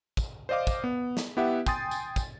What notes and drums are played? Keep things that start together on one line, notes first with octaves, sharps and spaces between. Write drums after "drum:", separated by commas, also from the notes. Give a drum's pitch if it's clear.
drum: kick, tambourine
C5 D5 D#5 F5 D6
drum: kick, tambourine
B3
drum: snare
B3 E4 G4 E5 F#5
G5 G#5 C6 D#6 A6, drum: kick, tambourine
drum: tambourine
drum: kick, tambourine